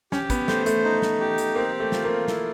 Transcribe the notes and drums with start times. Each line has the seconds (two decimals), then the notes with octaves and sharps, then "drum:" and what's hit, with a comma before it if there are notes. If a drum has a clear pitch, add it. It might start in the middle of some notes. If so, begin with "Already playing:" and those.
0.12 C#4 G4, drum: snare
0.30 B3, drum: kick, hi-hat
0.48 A3 C5, drum: snare
0.66 A3, drum: hi-hat
0.84 D#4
1.02 drum: snare
1.20 G4
1.38 drum: hi-hat
1.55 A#3 C4
1.80 A3
1.92 F4, drum: snare
2.04 A#3
2.28 E4, drum: snare